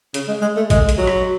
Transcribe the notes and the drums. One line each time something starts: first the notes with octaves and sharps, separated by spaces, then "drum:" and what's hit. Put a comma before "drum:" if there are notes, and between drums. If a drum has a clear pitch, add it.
C#3, drum: hi-hat
G#3
G#3
A3
G#3, drum: kick A1, hi-hat
drum: hi-hat
F#3
drum: rim click